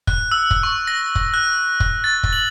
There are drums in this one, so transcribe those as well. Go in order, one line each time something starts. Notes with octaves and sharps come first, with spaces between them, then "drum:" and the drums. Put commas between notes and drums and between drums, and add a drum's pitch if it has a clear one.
F#6, drum: kick
E6
drum: kick
C#6
A#6
drum: kick
F#6
drum: kick
A6
drum: kick
F#7